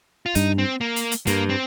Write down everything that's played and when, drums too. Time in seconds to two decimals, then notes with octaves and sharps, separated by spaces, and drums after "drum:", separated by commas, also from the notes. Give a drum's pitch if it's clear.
0.26 F4
0.35 G2 D#4, drum: hi-hat
0.58 C4
0.81 A#3
0.96 drum: hi-hat
1.12 drum: hi-hat
1.27 G2 A#3, drum: hi-hat
1.50 C4